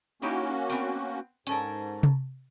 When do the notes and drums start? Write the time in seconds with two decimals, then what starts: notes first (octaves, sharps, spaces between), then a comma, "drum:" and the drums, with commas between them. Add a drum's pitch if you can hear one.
0.22 A#3 C#4 D#4 E4 F#4 G4
0.70 B3 C4, drum: tambourine
1.47 G#2 C#4 A4 A#4, drum: hi-hat
2.03 drum: tom C3